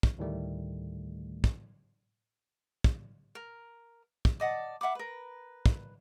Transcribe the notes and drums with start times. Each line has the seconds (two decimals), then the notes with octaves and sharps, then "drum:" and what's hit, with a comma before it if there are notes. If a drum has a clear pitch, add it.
0.03 drum: kick
0.18 D2 A2 D#3 G3 A3
1.44 drum: kick
2.84 drum: kick
3.35 A#4
4.25 drum: kick
4.40 D5 D#5 F#5 A5
4.81 E5 F#5 B5 D6
4.95 A#4 B4
5.66 drum: kick